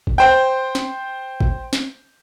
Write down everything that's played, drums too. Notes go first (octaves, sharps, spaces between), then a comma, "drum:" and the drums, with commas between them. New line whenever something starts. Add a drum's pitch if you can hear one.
drum: kick
C5 G5
drum: snare
drum: kick
drum: snare